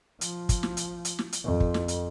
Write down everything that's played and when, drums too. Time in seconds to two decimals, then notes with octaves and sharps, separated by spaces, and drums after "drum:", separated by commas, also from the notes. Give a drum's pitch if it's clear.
0.21 F3, drum: hi-hat
0.49 drum: kick, hi-hat
0.63 drum: snare
0.77 drum: hi-hat
1.05 drum: hi-hat
1.19 drum: snare
1.33 drum: hi-hat
1.44 F2
1.60 drum: kick
1.74 drum: snare
1.88 drum: hi-hat